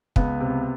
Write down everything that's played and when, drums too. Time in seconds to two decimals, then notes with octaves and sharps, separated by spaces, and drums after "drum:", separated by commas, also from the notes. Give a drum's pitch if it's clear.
0.16 C#2 B3, drum: kick
0.40 C3